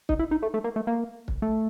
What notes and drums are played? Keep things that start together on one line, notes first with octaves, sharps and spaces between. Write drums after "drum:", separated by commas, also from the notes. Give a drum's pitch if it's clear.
D#4, drum: kick
E4
D#4
A3
A3
A#3
A3
A#3
drum: kick
A3